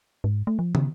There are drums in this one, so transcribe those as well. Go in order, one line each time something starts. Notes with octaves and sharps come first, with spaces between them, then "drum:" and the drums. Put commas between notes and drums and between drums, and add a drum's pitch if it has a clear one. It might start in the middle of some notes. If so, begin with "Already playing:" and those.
G#2
A3
F3
C#3, drum: tom